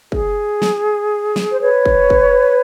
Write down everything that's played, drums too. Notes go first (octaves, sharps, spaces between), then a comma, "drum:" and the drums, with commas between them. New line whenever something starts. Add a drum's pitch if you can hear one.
G#4, drum: kick
drum: snare
drum: snare
C5
B4 C#5
drum: kick
drum: kick